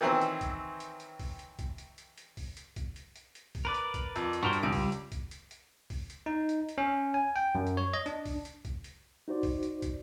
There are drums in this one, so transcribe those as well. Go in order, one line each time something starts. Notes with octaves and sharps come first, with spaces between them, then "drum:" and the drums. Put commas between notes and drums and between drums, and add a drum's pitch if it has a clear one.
D#3 E3 F#3 C4 C5 E6
drum: hi-hat
drum: kick, hi-hat
drum: hi-hat
drum: hi-hat
drum: kick, open hi-hat
drum: hi-hat
drum: kick, hi-hat
drum: hi-hat
drum: hi-hat
drum: hi-hat
drum: kick, open hi-hat
drum: hi-hat
drum: kick, hi-hat
drum: hi-hat
drum: hi-hat
drum: hi-hat
drum: kick, open hi-hat
A#4 B4 D5
drum: hi-hat
drum: kick, hi-hat
F2, drum: hi-hat
drum: hi-hat
G2 F#4 A#4 C5
drum: hi-hat
C#2 G3 D7
drum: kick, open hi-hat
drum: hi-hat
drum: kick, hi-hat
drum: hi-hat
drum: hi-hat
drum: kick, open hi-hat
drum: hi-hat
D#4
drum: hi-hat
drum: hi-hat
C#4
G#5
G5
F#2
drum: hi-hat
C#5
D#5
D4, drum: hi-hat
drum: kick, open hi-hat
drum: hi-hat
drum: kick, hi-hat
drum: hi-hat
D#4 F#4 C5 D5
drum: kick, open hi-hat
drum: hi-hat
drum: kick, hi-hat